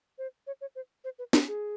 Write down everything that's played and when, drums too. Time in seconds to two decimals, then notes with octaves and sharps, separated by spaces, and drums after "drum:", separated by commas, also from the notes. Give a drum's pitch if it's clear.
0.18 C5
0.47 C#5
0.61 C#5
0.75 C5
1.04 C5
1.19 B4
1.33 A#4, drum: snare
1.48 G#4